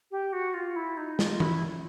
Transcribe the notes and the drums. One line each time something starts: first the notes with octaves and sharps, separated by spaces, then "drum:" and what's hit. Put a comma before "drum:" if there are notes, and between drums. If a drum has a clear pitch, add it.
G4
F#4
F4
E4
D#4
F4, drum: snare
E4, drum: tom E3